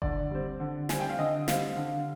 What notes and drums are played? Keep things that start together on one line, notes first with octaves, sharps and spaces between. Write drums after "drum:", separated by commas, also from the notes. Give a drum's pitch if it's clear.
D3 D5, drum: kick F#1
G3 C4
D3
G3 C4 G#5, drum: snare
G5
F5
D3 D#5
G3 C4 F5, drum: snare
D3